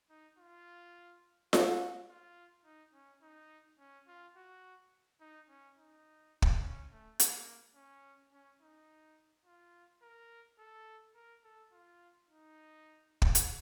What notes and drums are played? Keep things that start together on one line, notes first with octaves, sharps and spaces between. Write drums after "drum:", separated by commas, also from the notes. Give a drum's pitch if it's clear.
D#4
F4
F#4, drum: snare F4
F4
D#4
C#4
D#4
C#4
F4
F#4
D#4
C#4
D#4
drum: kick
C#4
A3
A#3, drum: hi-hat
C#4
C#4
D#4
F4
A#4
A4
A#4
A4
F4
D#4
drum: kick
drum: hi-hat